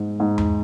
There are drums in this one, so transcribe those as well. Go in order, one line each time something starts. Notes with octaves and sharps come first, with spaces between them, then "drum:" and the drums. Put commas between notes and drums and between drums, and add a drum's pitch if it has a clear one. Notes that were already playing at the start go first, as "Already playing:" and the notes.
Already playing: G#2
G#2
drum: tom E2